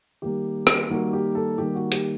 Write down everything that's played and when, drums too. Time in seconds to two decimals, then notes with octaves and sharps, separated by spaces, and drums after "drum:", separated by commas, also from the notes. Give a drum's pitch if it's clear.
0.22 D#3 G3 A#3 G4
0.67 drum: rim click
0.90 D#3 G3 A#3 F#4
1.13 G4
1.35 A4
1.58 D#3 G3 A#3 G4
1.75 F#4
1.92 G4, drum: hi-hat